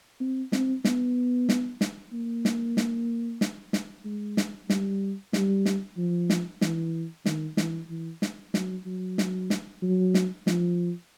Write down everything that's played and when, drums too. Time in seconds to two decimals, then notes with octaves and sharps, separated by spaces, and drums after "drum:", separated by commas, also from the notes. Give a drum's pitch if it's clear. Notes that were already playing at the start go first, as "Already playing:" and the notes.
0.20 C4
0.52 C4, drum: snare
0.85 B3, drum: snare
1.49 drum: snare
1.81 drum: snare
2.13 A#3
2.45 drum: snare
2.77 drum: snare
3.41 drum: snare
3.73 drum: snare
4.05 G#3
4.37 drum: snare
4.70 G3, drum: snare
5.33 G3, drum: snare
5.65 drum: snare
5.97 F3
6.30 drum: snare
6.61 E3, drum: snare
7.26 D#3, drum: snare
7.57 E3, drum: snare
7.89 E3
8.22 drum: snare
8.54 F#3, drum: snare
8.86 F#3
9.18 drum: snare
9.50 drum: snare
9.82 F#3
10.14 drum: snare
10.47 F3, drum: snare